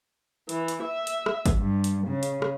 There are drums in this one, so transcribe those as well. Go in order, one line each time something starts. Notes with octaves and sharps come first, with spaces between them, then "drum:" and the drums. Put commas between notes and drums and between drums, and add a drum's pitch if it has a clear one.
E3, drum: hi-hat
drum: hi-hat
E5
drum: hi-hat
drum: rim click
drum: kick G1, hi-hat
G2
drum: hi-hat
C#3
drum: hi-hat
drum: rim click